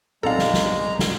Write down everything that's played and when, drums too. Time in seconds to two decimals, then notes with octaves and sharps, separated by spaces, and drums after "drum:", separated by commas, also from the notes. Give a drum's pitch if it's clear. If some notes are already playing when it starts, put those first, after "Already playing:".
0.23 B1 G#3 C4 A4 D5 F5 A#5
0.39 drum: snare
0.54 drum: snare
0.99 drum: snare